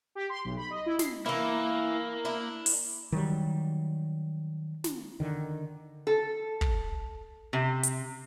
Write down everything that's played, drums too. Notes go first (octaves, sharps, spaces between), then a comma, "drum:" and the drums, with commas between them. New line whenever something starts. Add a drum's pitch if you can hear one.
G4
C6
B1
B5
D#5
E4
C7, drum: snare
E3 A#3 E4
D4 E4
drum: open hi-hat
D#3 F#3 G3
drum: snare
D3 D#3
A4
drum: kick
C3
drum: hi-hat